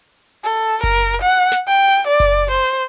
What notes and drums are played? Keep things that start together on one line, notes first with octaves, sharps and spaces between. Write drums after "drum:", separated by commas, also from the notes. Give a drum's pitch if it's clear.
A4
A#4, drum: kick F#1, hi-hat
F#5
drum: snare
G5
D5
drum: kick F#1, hi-hat
C5
drum: hi-hat